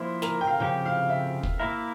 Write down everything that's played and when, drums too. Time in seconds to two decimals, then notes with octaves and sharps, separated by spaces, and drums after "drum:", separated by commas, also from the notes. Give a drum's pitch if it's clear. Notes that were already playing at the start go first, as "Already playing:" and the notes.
Already playing: F3 A#3 E4 C5
0.22 A#4, drum: snare
0.41 G5
0.47 F5
0.60 C#3 F3 C4 G4 G5
0.85 F5
1.10 E5
1.43 drum: kick
1.60 A#3 E4 A#4 E5